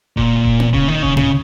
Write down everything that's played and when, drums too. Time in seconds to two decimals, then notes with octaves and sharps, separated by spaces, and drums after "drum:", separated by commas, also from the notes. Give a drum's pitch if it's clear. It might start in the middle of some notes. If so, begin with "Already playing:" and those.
0.17 A#2, drum: kick D#1
0.45 drum: kick D#1
0.60 drum: tom B3
0.73 C#3, drum: kick D#1
0.88 D#3
1.03 C#3, drum: kick D#1
1.17 C#3, drum: tom A2